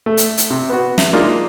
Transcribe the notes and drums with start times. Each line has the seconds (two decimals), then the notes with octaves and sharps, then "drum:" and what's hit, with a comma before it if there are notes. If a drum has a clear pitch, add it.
0.06 A3
0.17 drum: hi-hat
0.37 drum: hi-hat
0.50 C3
0.69 B3 F#4
0.98 E5, drum: snare
1.13 G#3 A#3 D4 D#4 F4